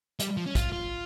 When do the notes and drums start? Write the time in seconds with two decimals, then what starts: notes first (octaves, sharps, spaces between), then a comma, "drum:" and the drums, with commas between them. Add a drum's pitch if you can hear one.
0.20 G3, drum: hi-hat
0.37 F3
0.46 C#4
0.55 F4, drum: kick, hi-hat
0.73 F4